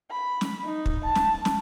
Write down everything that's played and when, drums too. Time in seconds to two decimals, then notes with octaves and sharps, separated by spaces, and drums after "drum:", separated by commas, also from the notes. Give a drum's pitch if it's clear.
0.11 B5
0.41 drum: snare
0.64 D#4
0.86 drum: kick
1.05 A5
1.15 drum: snare
1.45 drum: snare